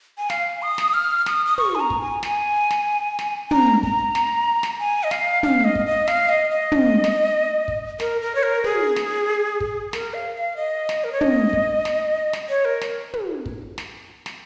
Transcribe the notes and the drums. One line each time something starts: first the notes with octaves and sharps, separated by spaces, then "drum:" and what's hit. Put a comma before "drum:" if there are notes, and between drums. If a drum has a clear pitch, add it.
G#5
F5, drum: snare
D#6
drum: snare
F6
D#6, drum: snare
D#6
C#6, drum: tom
G#5
A#5
drum: kick
G#5
G#5, drum: snare
drum: snare
drum: snare
A#5, drum: tom
A#5, drum: kick
drum: snare
drum: snare
G#5
D#5
F5, drum: snare
F5, drum: tom
D#5
drum: kick
D#5
F5, drum: snare
D#5
D#5
drum: tom
drum: snare
drum: kick
A#4, drum: snare
A#4
C#5
A#4
G#4, drum: tom
drum: snare
drum: kick
A#4, drum: snare
F5
F5
D#5
drum: snare
A#4
C#5
D#5, drum: tom
drum: kick
drum: snare
drum: snare
C#5
A#4
drum: snare
drum: tom
drum: kick
drum: snare
drum: snare